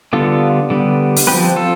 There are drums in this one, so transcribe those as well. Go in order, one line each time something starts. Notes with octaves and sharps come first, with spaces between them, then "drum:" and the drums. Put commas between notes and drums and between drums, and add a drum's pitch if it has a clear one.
D3 G3 B3 F4 A4
D3 G3 B3
drum: open hi-hat
F3 C4 G4 B4
F4 A4